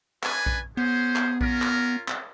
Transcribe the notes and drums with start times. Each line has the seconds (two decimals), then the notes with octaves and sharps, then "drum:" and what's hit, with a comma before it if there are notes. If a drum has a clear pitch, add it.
0.23 D4 B4 G#5, drum: clap
0.46 drum: kick A#1
0.77 B3 C#4 G#4 C5
1.16 drum: clap
1.41 C#4 F4 A#4, drum: kick A#1
1.62 drum: clap
2.08 drum: clap